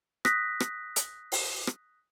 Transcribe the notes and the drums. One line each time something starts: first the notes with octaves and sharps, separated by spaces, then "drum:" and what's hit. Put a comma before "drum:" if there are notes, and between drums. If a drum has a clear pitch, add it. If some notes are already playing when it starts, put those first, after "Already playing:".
D#6 F#6 A#6 B6, drum: rim click
drum: rim click
drum: hi-hat
drum: open hi-hat
drum: rim click